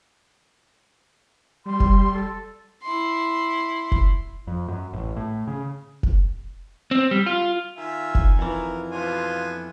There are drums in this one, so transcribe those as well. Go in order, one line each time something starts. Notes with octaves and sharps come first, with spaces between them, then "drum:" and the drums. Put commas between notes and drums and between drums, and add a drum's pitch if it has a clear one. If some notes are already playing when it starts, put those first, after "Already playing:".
G3 C6
drum: kick F1
A4
E4 C6
drum: kick F1
F2
F#2
A1
A2
C#3
drum: kick F1
C4
G3
F4
D#3 F4 E5 G#5
drum: kick F1
F2 E3 A#4
B2 F3 B3 D4 F4 G#5